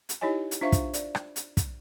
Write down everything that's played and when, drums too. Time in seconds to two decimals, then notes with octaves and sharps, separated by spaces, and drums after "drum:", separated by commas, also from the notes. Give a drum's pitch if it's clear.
0.09 drum: hi-hat
0.21 D#4 E4 G4 C#5 D#5 G#5
0.51 drum: hi-hat
0.61 D4 F4 C5 E5 F5 C#6
0.72 drum: kick, hi-hat
0.94 D5, drum: hi-hat
1.15 drum: rim click
1.36 drum: hi-hat
1.57 drum: kick, hi-hat